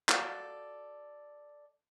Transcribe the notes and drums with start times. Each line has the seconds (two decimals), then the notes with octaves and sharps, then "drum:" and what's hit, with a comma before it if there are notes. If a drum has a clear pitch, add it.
0.09 F4 F#4 A4 D5, drum: clap